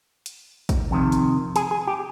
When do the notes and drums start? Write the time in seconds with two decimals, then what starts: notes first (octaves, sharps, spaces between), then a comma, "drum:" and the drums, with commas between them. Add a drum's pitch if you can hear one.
0.26 drum: hi-hat
0.69 drum: kick, hi-hat
0.91 F2 C3 D#3
1.12 drum: hi-hat
1.56 G#4, drum: hi-hat
1.71 G#4
1.88 G4